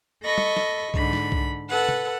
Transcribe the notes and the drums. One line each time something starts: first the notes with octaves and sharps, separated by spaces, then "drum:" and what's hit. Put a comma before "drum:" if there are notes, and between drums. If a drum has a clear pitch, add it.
A4 D#5 B5 C#6 A#6
drum: tom
drum: snare
G#2 D3 B5, drum: kick C2
drum: snare
drum: kick C2
A4 B4 F#5
drum: tom